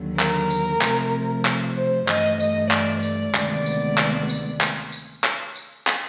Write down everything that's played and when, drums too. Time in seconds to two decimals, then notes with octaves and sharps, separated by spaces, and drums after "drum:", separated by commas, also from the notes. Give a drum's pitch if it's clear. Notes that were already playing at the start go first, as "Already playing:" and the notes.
Already playing: D#2 D3 F#3
0.19 A#4, drum: clap
0.50 drum: tambourine
0.81 C3 F3 A3, drum: clap
1.45 drum: clap
1.77 C5
2.08 G2 E3 A3 D#5, drum: clap
2.40 D#5, drum: tambourine
2.71 D5, drum: clap
3.03 D5, drum: tambourine
3.35 D2 C3 D#3 G#3 B3, drum: clap
3.66 drum: tambourine
3.98 drum: clap
4.29 drum: tambourine
4.61 drum: clap
4.92 drum: tambourine
5.24 drum: clap
5.56 drum: tambourine
5.87 drum: clap